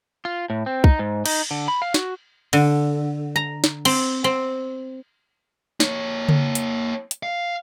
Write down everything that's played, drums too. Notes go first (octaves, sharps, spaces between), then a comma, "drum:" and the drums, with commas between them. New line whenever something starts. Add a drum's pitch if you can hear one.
F4
A2
C4
D#4, drum: kick
G#2
D#4, drum: cymbal
D3
B5
F5
F#4, drum: snare
D3, drum: cymbal
A#5
drum: snare
C4, drum: cymbal
C4
A#3 C#5, drum: snare
drum: tom C#3
drum: hi-hat
drum: hi-hat
F5